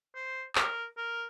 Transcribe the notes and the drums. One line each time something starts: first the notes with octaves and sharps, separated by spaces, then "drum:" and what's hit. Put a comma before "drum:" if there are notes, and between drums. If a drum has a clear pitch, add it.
C5
A#4, drum: clap
A#4